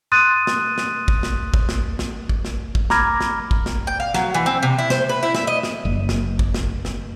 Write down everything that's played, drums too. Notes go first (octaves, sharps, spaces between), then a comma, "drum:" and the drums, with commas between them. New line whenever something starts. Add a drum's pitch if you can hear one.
C6 D#6 F#6 A6 D#7
drum: snare
drum: snare
drum: kick
drum: snare
drum: kick
drum: snare
drum: snare
drum: kick
drum: snare
drum: kick
A#5 B5 D6 F6 G#6 A#6, drum: snare
drum: snare
drum: kick
drum: snare
G5
F5
F#3, drum: snare
E3
C4
C3
E4
C5, drum: snare
B4
E4
E5, drum: snare
D#5
drum: snare
F#1
drum: snare
drum: kick
drum: snare
drum: snare